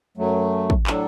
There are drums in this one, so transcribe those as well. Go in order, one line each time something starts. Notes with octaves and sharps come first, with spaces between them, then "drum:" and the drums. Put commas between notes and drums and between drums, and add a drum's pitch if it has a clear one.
F#2 F#3 A3
drum: kick
A2 F#3 D4 A4, drum: clap